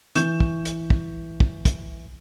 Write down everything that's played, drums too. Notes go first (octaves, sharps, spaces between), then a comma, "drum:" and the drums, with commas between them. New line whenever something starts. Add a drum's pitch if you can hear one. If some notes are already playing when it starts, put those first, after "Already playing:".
E3 C#6 G6 E7, drum: hi-hat
drum: kick
drum: hi-hat
drum: kick
drum: kick
drum: kick, hi-hat